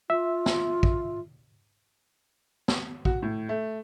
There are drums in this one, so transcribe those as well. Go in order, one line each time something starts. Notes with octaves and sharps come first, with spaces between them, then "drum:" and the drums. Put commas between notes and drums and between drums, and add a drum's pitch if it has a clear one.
F4 E5
drum: snare
drum: kick
drum: snare
F#4, drum: kick
A2
A3